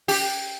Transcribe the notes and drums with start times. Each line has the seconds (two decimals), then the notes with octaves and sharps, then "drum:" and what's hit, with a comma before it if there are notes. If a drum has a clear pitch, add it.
0.08 G4, drum: open hi-hat